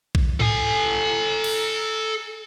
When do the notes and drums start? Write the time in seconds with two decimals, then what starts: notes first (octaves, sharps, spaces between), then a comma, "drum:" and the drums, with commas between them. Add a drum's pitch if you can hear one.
0.15 drum: kick B1
0.40 A4 G#5, drum: tom G#2
1.44 drum: cymbal